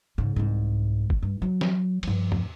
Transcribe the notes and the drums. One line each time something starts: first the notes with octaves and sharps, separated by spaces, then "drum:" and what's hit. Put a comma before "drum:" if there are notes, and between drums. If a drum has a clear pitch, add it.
G#2 C#3
C2 G#2
drum: kick G1
G2
F#3
drum: snare
G2 F3, drum: cymbal
drum: tom E2